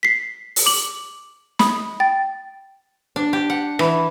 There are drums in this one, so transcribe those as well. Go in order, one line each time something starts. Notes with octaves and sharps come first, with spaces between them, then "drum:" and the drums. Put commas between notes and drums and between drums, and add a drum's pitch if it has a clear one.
B6 C7
drum: open hi-hat
D6 F#7
B5 D#6, drum: snare
G5 A6
D4
G4
F#5
E3, drum: rim click